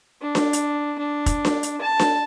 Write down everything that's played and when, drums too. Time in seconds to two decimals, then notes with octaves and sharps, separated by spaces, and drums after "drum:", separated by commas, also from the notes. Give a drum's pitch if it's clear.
0.22 D4
0.35 drum: snare D4
0.53 drum: hi-hat
0.99 D4
1.26 drum: kick, hi-hat
1.45 drum: snare D4
1.63 drum: hi-hat
1.81 A5
1.99 drum: snare D4